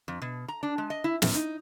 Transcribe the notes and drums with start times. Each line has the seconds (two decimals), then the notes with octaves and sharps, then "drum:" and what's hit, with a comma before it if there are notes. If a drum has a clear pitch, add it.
0.08 F2
0.22 B2
0.48 A#5
0.63 D4
0.78 G#3
0.90 D#5
1.04 E4
1.22 F#2, drum: snare
1.35 D#4